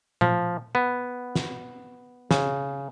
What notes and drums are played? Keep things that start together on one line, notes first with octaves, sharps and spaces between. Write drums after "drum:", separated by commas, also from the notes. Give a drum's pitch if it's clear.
F3, drum: tom A#2
B3
drum: snare
C#3, drum: snare